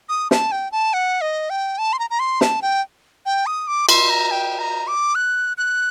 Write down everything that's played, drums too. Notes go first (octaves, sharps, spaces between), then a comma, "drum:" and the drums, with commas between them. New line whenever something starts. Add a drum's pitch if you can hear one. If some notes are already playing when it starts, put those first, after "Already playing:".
D#6
A5, drum: snare
G5
A5
F#5
D#5
G5
A5
C6
A#5
A#5
C6
A5, drum: snare
G5
G5
D#6
D6
C6, drum: cymbal
A#5
G5
A#5
D6
F#6
F#6